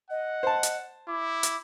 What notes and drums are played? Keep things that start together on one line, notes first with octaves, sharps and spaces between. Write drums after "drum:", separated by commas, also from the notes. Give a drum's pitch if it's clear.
D#5 F#5
C5 A5
drum: hi-hat
E4 D6
drum: hi-hat